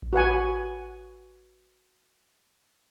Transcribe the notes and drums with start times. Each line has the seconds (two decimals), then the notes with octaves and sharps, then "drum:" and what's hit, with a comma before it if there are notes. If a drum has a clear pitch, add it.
0.02 drum: kick A1
0.13 F#4 B4 F#5 G#5